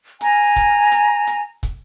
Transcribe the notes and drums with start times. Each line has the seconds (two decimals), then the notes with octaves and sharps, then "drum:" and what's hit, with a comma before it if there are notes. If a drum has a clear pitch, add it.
0.21 G#5 A#5, drum: hi-hat
0.56 drum: kick, hi-hat
0.92 drum: hi-hat
1.27 drum: hi-hat
1.63 drum: kick, hi-hat